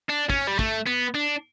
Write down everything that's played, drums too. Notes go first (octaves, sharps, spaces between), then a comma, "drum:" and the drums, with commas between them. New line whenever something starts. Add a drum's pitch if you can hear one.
D4
C#4, drum: kick
G3
A3, drum: kick
B3
D4